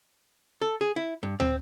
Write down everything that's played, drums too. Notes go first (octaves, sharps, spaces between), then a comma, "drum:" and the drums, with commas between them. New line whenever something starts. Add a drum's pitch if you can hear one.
A4
G#4
E4
G2
C4, drum: tom